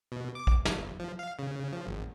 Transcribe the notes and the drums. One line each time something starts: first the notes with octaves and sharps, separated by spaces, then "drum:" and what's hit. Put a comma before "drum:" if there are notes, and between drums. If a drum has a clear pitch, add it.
B2
D6
drum: kick
G1, drum: snare
F3
F5
C#3
F3
G#1